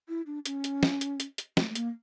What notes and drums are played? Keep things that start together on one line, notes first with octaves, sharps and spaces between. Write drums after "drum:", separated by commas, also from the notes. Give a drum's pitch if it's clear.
E4
D4
C#4, drum: hi-hat
drum: hi-hat
drum: snare
drum: hi-hat
drum: hi-hat
drum: hi-hat
A3, drum: snare
A3
A#3, drum: hi-hat